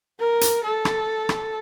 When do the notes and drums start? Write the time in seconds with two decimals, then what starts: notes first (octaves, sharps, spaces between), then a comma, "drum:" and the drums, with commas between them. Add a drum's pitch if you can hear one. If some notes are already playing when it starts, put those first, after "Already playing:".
0.19 A#4
0.41 drum: hi-hat
0.63 A4
0.85 drum: rim click
1.29 drum: rim click